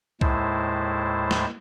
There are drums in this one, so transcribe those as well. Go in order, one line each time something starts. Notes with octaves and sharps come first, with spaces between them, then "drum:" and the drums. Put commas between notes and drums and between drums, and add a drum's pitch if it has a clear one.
D#2 A2 G#3 E4 C5 A5, drum: kick C2
drum: snare